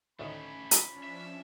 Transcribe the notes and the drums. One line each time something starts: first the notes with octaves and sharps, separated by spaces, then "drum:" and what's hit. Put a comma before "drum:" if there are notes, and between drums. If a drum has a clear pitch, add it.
D2 A2 D#3 A3 C#4 B5
F3 C#4 D4, drum: hi-hat
E5